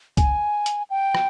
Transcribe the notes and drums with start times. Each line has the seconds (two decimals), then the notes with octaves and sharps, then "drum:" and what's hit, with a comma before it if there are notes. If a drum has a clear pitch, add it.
0.17 G#5, drum: kick C2, hi-hat
0.66 drum: hi-hat
0.90 G5
1.15 drum: rim click